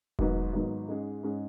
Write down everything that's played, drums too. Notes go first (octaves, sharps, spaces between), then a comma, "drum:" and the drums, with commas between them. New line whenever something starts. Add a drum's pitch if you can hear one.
G#1 G#2 F#3 B3, drum: kick E1
G#1 G#2 F#3 B3
G#2 G#3 C#4 G#4
G#2 G#3 C#4 G#4